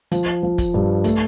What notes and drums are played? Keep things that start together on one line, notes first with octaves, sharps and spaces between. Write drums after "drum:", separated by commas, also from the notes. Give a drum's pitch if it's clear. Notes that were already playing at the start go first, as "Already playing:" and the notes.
F3, drum: hi-hat
F3
drum: kick, hi-hat
G2
A3, drum: hi-hat